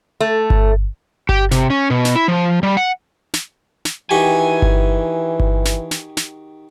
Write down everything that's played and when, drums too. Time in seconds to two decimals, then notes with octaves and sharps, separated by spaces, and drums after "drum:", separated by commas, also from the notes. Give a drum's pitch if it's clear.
0.20 A3
0.50 drum: kick G1
1.29 G4, drum: kick G1
1.51 C3, drum: snare
1.70 C#4
1.90 B2
2.05 drum: snare
2.15 E4
2.28 F3
2.63 G3
2.77 F#5
3.34 drum: snare
3.85 drum: snare
4.11 D#3 E3 F#4 G4 G#5
4.62 drum: kick G1
5.40 drum: kick G1
5.65 drum: snare
5.91 drum: snare
6.17 drum: snare